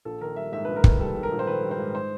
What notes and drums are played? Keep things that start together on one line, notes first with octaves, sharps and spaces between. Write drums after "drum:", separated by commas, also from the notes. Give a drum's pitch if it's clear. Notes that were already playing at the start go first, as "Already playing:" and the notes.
A#1 A4
D#3 A#4
G3 E5
G#2 E5
B4
A#1
A#4
D#3, drum: kick
G3 A4
G#2
A#4
A#1
C5
D#3 B4
G3
C5
G#2
C5